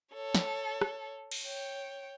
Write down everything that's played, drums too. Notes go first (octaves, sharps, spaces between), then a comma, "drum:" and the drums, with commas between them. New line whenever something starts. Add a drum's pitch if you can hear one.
A4 C#5
drum: snare
drum: rim click
drum: cymbal
C#5 G5